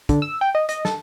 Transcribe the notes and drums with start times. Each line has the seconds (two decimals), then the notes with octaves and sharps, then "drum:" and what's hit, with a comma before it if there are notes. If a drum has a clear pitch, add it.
0.09 D3, drum: kick, hi-hat
0.22 E6
0.41 G5
0.55 D#5
0.69 D#5, drum: hi-hat
0.85 A4, drum: snare